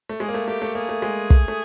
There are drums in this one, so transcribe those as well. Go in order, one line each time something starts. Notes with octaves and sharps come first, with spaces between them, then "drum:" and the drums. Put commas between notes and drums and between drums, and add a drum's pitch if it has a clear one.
A3
G#3 G#4
A#3
A3
A3 G4
A3
A#3 G#4
A3
G#3
A3, drum: kick
A3